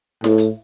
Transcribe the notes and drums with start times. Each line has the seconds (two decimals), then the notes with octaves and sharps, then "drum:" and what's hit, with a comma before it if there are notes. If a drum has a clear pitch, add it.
0.24 A2, drum: snare E4
0.38 drum: hi-hat